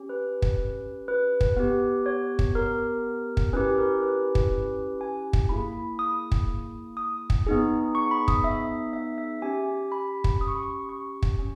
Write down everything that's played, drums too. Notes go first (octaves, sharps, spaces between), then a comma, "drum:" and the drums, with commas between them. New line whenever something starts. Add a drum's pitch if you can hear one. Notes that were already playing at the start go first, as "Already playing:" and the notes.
Already playing: C#4 G4
B4
drum: kick
B4
drum: kick
B3 G4
C#5
drum: kick
A#4
drum: kick
C#4 E4 G4 B4
A#4
B4
drum: kick
G#5
drum: kick
A#3 E4 G#4 B5
D#6
drum: kick
D#6
drum: kick
B3 D#4 G#4
C#6
B5
D#6, drum: kick
E5
E5
E5
C#4 G4 G#5
B5
drum: kick
D#6
C#6
B5
C#6
C#6
drum: kick
C#4